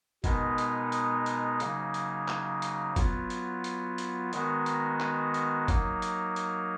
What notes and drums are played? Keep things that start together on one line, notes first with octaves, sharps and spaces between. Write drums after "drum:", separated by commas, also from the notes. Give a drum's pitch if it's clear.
B2 G#3 B3 D#4 A#4, drum: kick G1, hi-hat
drum: hi-hat
drum: hi-hat
drum: hi-hat
C#3 F#3 A#3 D#4, drum: hi-hat
drum: hi-hat
drum: clap
drum: hi-hat
F#3 B3 F4, drum: kick G1, hi-hat
drum: hi-hat
drum: hi-hat
drum: hi-hat
D#3 G#3 B3 F#4 A#4, drum: hi-hat
drum: hi-hat
drum: clap
drum: hi-hat
F#3 A#3 D#4 A#4, drum: kick G1, hi-hat
drum: hi-hat
drum: hi-hat